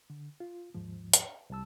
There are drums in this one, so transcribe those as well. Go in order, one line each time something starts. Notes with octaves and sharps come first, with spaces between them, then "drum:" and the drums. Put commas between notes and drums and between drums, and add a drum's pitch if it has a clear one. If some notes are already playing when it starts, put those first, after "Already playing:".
D3
F4
D#2 G#2 F3
drum: hi-hat
C2 G3 A5 E6